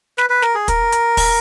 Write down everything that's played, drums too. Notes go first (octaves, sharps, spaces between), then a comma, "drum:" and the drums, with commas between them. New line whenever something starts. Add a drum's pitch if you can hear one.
B4, drum: snare
B4
A#4, drum: snare
G#4
A#4, drum: kick, hi-hat
drum: hi-hat
drum: kick, open hi-hat